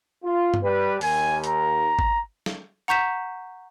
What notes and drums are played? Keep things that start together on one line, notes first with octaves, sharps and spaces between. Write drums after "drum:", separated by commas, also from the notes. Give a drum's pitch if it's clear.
F4
drum: tom G2
G3 B4
D#2 G#5, drum: open hi-hat
A#5, drum: hi-hat
drum: kick G#1
drum: snare
F#5 A#5 C#6 G6 B6 E7